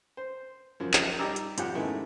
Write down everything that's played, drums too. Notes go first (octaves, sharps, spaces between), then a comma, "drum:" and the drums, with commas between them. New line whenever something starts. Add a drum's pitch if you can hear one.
C5
F#2 F3
drum: clap
G3 D#4 G4 D5 A#5 E6
drum: hi-hat
F2 F3 G4 F#5, drum: hi-hat
D#3 G#3 A3 B3 C#4 E4